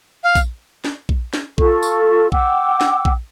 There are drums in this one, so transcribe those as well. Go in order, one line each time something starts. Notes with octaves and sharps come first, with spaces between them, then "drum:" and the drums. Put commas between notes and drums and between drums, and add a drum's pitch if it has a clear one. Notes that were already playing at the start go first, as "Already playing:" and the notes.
F5
drum: kick A#1, tambourine
drum: snare
drum: kick A#1
drum: snare
F4 A4 C#6, drum: kick A#1
drum: tambourine
F#5 G5 D6 E6, drum: kick A#1
drum: snare
drum: kick A#1